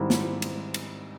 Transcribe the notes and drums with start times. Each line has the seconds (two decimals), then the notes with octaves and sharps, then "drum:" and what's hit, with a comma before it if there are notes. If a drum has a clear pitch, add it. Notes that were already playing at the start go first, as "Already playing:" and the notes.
Already playing: G#2 D#3 G3 C4 E4
0.10 drum: snare
0.42 drum: cymbal
0.74 drum: cymbal